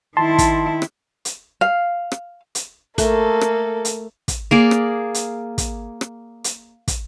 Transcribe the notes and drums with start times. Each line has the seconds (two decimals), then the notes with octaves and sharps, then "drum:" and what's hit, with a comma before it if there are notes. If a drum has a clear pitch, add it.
0.17 D#3 E4 A5 C6
0.38 drum: kick, hi-hat
0.82 drum: rim click
1.25 drum: hi-hat
1.61 F5
2.12 drum: rim click
2.55 drum: hi-hat
2.98 A3 A#3 A4, drum: kick, hi-hat
3.41 drum: rim click
3.85 drum: hi-hat
4.28 drum: kick, hi-hat
4.51 A#3 G#4 D5
4.71 drum: rim click
5.14 drum: hi-hat
5.58 drum: kick, hi-hat
6.01 drum: rim click
6.44 drum: hi-hat
6.88 drum: kick, hi-hat